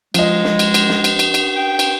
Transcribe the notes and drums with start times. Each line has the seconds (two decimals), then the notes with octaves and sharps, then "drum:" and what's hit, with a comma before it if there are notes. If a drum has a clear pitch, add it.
0.14 F3 G#3 D#5, drum: cymbal
0.44 drum: snare
0.59 drum: cymbal
0.74 drum: cymbal
0.89 drum: snare
1.04 drum: cymbal
1.19 drum: cymbal
1.34 drum: cymbal
1.56 G5
1.79 drum: cymbal